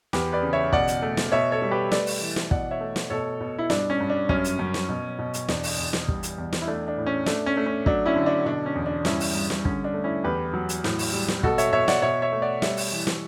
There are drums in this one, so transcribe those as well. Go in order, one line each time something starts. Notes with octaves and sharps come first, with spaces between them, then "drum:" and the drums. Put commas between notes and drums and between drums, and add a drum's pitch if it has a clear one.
E2 G4 B4, drum: snare
B4 D5
C#3
C#5 E5
B2 D5 F#5, drum: kick
drum: hi-hat
A3
drum: snare
B2 C#5 E5
A4 C#5
G3
G4 B4
A3 B4 D5, drum: snare
drum: open hi-hat
E3
drum: snare
B2 D5 F#5, drum: kick
C#5 E5
A3
drum: snare
B2 A4 C#5
B2
E4
G2 D4, drum: snare
C#4
G2
D4
F#2 C#4, drum: kick
drum: hi-hat
F#2
drum: snare
B2
B2
drum: hi-hat
E2 D4, drum: snare
drum: open hi-hat
E2
drum: snare
G3, drum: kick
drum: hi-hat
E2
drum: snare
E4
A3 D4
D4
A2
C#4
A3 D4, drum: snare
C#4
A3
C#4
F#3 D4, drum: kick
C#4 E4
D3
D4
B2 D4
C#4
E2
D4
G2 C#4 E4, drum: snare
drum: open hi-hat
G2
drum: snare
D3 C#4, drum: kick
D4
A3
C#4 E4
E2 G4 B4
F#3
drum: hi-hat
A2, drum: snare
drum: open hi-hat
G3
drum: snare
B2 F#4 A4, drum: kick
C#5 E5, drum: hi-hat
B2 C#5 E5
D5 F#5, drum: snare
B2 C#5 E5
C#5 E5
A3
D5 F#5
G3 C#5 E5, drum: snare
drum: open hi-hat
E3
drum: snare